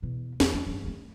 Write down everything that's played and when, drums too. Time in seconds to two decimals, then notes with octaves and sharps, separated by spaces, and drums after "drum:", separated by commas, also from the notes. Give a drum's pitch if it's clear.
0.02 E2 B2
0.40 E2, drum: snare
0.54 A3
0.66 G2 G3
0.83 D#3 A3